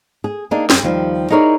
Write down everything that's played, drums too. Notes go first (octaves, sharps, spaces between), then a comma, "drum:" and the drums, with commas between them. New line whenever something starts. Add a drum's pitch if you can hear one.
G#4
A#3 D4 D#4 G#4
F#2, drum: snare
D#2 F3 G3
D#4 E4 G#4 A#4 C#5 D5